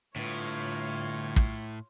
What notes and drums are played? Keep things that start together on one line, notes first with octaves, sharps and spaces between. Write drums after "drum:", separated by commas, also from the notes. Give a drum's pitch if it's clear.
A2 D3 F4 B4 C#5
drum: kick